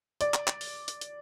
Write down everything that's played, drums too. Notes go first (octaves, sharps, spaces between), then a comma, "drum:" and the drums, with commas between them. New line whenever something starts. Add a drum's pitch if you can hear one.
D5, drum: hi-hat
drum: clap
drum: clap
drum: open hi-hat
drum: hi-hat
drum: hi-hat